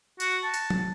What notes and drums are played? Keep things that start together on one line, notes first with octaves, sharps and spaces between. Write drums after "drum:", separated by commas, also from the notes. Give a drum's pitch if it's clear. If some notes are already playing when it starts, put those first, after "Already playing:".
F#4, drum: tambourine
A5
drum: tambourine
drum: tom F#3